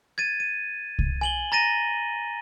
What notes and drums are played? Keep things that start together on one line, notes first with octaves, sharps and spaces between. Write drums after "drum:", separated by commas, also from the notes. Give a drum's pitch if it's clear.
G#6 A6 D#7
D#7
drum: kick C2
G#5 F#7 G7
A#5 A6 A#6 D#7